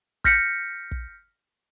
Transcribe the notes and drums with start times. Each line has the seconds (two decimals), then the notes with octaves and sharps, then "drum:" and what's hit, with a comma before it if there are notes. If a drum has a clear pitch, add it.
0.24 F6 G6 A#6 B6 C#7, drum: kick
0.91 drum: kick